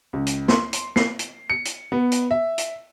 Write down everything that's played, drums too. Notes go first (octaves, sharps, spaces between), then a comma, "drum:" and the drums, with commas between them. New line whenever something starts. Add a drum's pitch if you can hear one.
C#2
drum: hi-hat
C6, drum: snare
drum: hi-hat
C7, drum: snare
drum: hi-hat
C#7
drum: hi-hat
B3
drum: hi-hat
E5
drum: hi-hat